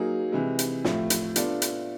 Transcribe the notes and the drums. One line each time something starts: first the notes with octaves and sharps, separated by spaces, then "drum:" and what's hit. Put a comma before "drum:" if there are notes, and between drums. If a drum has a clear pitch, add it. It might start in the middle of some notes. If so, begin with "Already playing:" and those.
Already playing: F#3 A#3 D#4 G#4
C3 E3 G#3
drum: hi-hat
A2 F3 A3, drum: snare
drum: hi-hat
B3 D4 F4 A4 D5, drum: hi-hat
drum: hi-hat